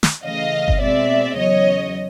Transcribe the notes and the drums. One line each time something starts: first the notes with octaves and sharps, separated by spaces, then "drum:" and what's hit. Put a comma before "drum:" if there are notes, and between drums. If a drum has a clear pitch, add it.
drum: snare
C#3 E3 A3 D#5 F5
drum: kick G1
B2 G#3 C4 D5 E5
E2 C#3 F#3 C#5 D#5